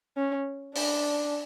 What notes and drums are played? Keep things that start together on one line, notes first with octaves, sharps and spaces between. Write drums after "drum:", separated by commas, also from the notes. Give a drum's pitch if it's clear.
C#4
D4, drum: open hi-hat